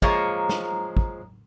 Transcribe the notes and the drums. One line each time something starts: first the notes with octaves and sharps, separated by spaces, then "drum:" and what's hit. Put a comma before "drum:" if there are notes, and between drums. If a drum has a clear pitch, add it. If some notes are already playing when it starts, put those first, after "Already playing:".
F3 G#3 A#3 C#5 A#5, drum: kick
drum: snare
drum: kick